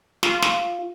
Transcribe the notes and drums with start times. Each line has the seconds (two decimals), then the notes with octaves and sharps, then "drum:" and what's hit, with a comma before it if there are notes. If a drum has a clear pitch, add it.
0.23 F4, drum: snare
0.42 drum: snare